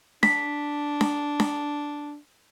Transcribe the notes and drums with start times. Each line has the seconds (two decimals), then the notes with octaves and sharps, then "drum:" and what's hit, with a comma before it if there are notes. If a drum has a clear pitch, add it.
0.23 D4 B6, drum: snare D4
1.01 drum: snare D4
1.40 drum: snare D4